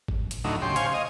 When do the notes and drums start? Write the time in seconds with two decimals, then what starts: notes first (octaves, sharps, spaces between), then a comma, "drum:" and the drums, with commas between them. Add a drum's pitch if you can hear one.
0.08 drum: kick
0.31 drum: hi-hat
0.44 D2 A2 F#3 D#4
0.62 C#3 G4 C6
0.76 C5 C#5 F5 G#5, drum: hi-hat
0.94 D#5